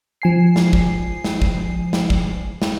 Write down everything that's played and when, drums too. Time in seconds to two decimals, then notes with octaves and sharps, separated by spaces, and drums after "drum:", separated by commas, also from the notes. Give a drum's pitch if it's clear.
0.22 F3 G#5 C7
0.56 drum: snare
0.73 drum: kick
1.24 drum: snare
1.42 drum: kick
1.93 drum: snare
2.10 drum: kick
2.62 drum: snare